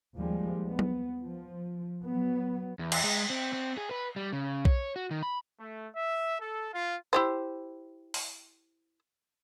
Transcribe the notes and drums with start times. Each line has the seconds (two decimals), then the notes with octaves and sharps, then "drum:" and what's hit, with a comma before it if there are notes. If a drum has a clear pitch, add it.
0.16 D#2 F3 G3 G#3
0.69 B3
0.79 drum: tom F#3
1.22 F3
2.05 F#3 B3
2.79 E2
2.92 drum: cymbal
3.04 G#3
3.30 C4
3.53 C4
3.77 G#4
3.91 B4
4.16 G3
4.33 C#3
4.65 C#5, drum: kick B1
4.96 F#4
5.11 D#3
5.23 B5
5.58 A3
5.93 E5
6.40 A4
6.72 F4
7.13 E4 G4 C5
8.14 drum: open hi-hat